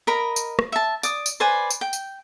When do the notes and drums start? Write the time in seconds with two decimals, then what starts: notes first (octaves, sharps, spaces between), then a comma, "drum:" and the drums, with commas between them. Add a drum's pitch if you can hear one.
0.07 A#4 D#5 A#5 B5
0.36 drum: tambourine
0.59 drum: rim click
0.72 E5 A5
1.03 D5 D#6, drum: tambourine
1.26 drum: tambourine
1.40 B4 C5 D5 G#5
1.70 drum: tambourine
1.81 G5
1.93 drum: tambourine